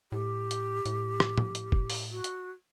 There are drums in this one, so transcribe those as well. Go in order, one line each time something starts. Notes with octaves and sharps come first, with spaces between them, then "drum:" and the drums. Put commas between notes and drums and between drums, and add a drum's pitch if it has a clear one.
A2 G4
drum: hi-hat
A2, drum: hi-hat
drum: rim click
drum: tom A2
drum: hi-hat
drum: kick
drum: open hi-hat
F#4
drum: hi-hat